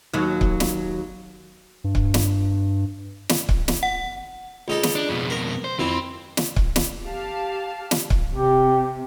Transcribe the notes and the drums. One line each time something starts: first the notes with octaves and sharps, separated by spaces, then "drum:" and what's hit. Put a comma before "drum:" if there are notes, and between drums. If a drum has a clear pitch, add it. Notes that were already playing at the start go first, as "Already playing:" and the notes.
D#2 F#3
drum: kick C#1
drum: snare
G2
drum: kick C#1
drum: snare
drum: snare
drum: kick C#1
drum: snare
F#5
C#2 D#4 A4
drum: snare
D4
F2 B2
A#4
C5
F2 E3 C4
drum: snare
drum: kick C#1
drum: snare
G4 F5 A5
drum: snare
drum: kick C#1
C3 G4